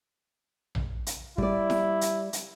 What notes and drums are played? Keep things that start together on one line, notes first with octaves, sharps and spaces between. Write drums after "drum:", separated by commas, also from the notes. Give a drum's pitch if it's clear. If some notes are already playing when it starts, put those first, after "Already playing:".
drum: tom A#1
drum: hi-hat
G3 E4 D5, drum: kick
drum: snare E4
drum: hi-hat
drum: hi-hat